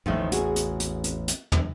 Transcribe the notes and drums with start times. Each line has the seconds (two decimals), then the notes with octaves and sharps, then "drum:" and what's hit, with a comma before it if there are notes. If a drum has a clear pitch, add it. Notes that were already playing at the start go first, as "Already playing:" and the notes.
0.06 A1 E2 D#3 F3 A3
0.32 F#4 G#4, drum: hi-hat
0.56 drum: hi-hat
0.80 drum: hi-hat
1.04 drum: hi-hat
1.28 drum: hi-hat
1.52 drum: tom